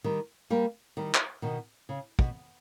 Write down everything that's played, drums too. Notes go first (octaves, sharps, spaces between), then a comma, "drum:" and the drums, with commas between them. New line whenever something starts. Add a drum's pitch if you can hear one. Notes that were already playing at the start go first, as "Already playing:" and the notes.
D#3 G3
G3 A#3
D#3 G3
drum: clap
B2 D#3
C#3
B2, drum: kick